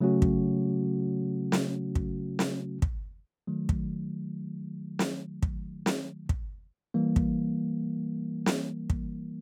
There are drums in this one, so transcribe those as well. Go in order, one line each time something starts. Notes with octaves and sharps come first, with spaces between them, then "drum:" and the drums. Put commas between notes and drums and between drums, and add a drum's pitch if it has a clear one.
C#3 F#3 A3 C#4 F#4
drum: kick
drum: snare
drum: kick
drum: snare
drum: kick
D#3 F#3 A3
drum: kick
drum: snare
drum: kick
drum: snare
drum: kick
E3 G3 A#3
drum: kick
drum: snare
drum: kick